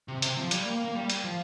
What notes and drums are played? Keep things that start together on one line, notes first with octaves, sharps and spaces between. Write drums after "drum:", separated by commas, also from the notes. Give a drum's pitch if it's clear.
C3
C3, drum: hi-hat
F3
G3, drum: hi-hat
A#3
A#3
G3
drum: hi-hat
F3